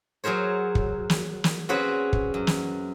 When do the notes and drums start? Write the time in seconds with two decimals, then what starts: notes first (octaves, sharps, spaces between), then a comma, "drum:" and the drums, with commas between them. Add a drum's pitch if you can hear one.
0.24 F#3 G#4 A#4 C5 C#5
0.75 drum: kick
1.10 drum: snare
1.44 drum: snare
1.69 C4 C#4 F#4 G#4 B4
2.13 drum: kick
2.34 F#2
2.47 drum: snare